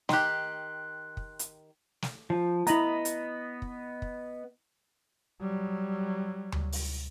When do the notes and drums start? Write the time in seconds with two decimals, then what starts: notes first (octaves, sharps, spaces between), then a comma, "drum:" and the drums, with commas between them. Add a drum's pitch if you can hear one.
0.09 D#3 G4 C6 F#6, drum: snare
1.17 drum: kick
1.39 drum: hi-hat
2.02 drum: snare
2.30 F3
2.67 B3 E4 D#5 A#5 B5, drum: hi-hat
3.05 drum: hi-hat
3.62 drum: kick
4.02 drum: kick
5.41 F#3 G3
6.52 drum: tom D2
6.72 drum: open hi-hat